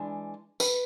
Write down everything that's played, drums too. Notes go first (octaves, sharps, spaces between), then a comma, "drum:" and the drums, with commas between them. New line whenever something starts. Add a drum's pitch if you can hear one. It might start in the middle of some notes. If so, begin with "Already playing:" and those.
Already playing: E3 G#3 D4
B4, drum: tambourine